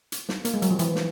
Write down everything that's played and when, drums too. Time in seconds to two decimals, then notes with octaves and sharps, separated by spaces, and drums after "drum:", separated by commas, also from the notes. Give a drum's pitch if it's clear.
0.12 drum: hi-hat
0.29 drum: snare
0.45 A#3, drum: hi-hat
0.54 G#3
0.62 F#3, drum: hi-hat
0.71 F3
0.79 E3, drum: hi-hat
0.95 drum: snare